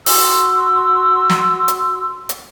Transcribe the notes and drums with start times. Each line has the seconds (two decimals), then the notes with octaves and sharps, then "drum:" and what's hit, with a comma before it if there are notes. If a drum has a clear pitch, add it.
0.06 F#4 C6 E6, drum: open hi-hat
1.30 drum: snare
1.68 drum: hi-hat
2.29 drum: hi-hat